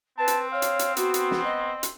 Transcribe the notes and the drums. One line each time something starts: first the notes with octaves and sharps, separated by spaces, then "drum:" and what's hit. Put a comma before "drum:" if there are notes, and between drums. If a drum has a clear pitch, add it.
C4 B4 A5
drum: hi-hat
C#5 F5
drum: hi-hat
drum: hi-hat
B3 F#4, drum: hi-hat
drum: hi-hat
drum: snare
D#5
drum: hi-hat